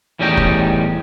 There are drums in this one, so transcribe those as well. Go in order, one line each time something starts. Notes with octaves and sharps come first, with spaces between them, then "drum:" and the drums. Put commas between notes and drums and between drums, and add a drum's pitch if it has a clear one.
E2 A2 G3 C#4 D#4 G5
drum: kick